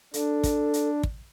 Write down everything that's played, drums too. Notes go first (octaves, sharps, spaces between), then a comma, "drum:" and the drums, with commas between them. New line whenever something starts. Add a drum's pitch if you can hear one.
D4 A4, drum: hi-hat
drum: kick, hi-hat
drum: hi-hat
drum: kick